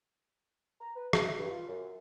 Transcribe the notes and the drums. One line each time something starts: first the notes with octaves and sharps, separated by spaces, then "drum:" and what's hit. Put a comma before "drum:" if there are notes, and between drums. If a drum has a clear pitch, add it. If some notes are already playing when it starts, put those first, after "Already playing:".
A#5
B4
E5, drum: rim click
G2
F4
F#2